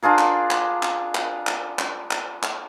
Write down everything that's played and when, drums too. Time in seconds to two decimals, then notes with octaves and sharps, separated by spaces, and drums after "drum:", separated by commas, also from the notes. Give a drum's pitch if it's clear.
0.02 D4 F4 G#4 A#4
0.19 drum: clap
0.51 drum: clap
0.83 drum: clap
1.15 drum: clap
1.47 drum: clap
1.79 drum: clap
2.11 drum: clap
2.43 drum: clap